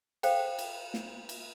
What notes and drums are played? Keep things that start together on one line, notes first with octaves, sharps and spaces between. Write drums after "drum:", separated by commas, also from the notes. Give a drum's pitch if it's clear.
A4 C5 F5 G5, drum: cymbal
drum: cymbal
drum: snare
drum: cymbal